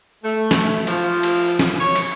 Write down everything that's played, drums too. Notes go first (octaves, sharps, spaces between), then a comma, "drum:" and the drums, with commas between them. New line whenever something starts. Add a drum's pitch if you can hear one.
A3
drum: snare
F3, drum: cymbal
drum: cymbal
drum: snare
C#5
drum: cymbal